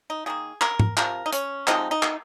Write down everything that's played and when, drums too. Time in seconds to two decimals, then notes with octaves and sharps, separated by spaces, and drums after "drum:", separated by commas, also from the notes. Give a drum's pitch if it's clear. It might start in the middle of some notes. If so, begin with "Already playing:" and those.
0.10 D#4
0.26 D#3 A#3 G#4
0.61 A#4, drum: clap
0.80 drum: tom
0.97 C3 F3 A#4, drum: clap
1.26 D#4
1.33 C#4, drum: hi-hat
1.67 C3 F3 G#3 C4 D#4, drum: clap
1.91 D#4
2.03 drum: clap